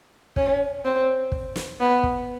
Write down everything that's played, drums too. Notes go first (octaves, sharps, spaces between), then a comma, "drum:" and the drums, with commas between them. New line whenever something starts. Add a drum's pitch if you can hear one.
C#4, drum: kick
C4
drum: kick
drum: snare
B3
drum: kick